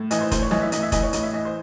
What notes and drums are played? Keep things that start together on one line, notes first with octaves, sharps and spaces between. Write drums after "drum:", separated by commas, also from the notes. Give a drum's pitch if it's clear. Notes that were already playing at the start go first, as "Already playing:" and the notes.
Already playing: A2
E3 D#5, drum: hi-hat
C5
A2 C5, drum: kick F1, hi-hat
C#5
E3 D#5, drum: snare
E5
A2 D#5, drum: hi-hat
E5
E3 D#5, drum: kick F1, hi-hat
C#5
A2 D#5, drum: hi-hat
E5
E3 D#5
C5